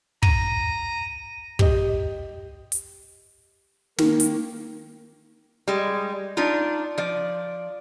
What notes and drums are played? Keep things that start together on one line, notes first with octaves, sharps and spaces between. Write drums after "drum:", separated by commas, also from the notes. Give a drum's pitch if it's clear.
A#5 D#7, drum: kick
G4 C5 D#5, drum: kick
drum: hi-hat
D#3 A#3, drum: snare
drum: hi-hat
G3 G#3
D4 D#4 F4
F3 D5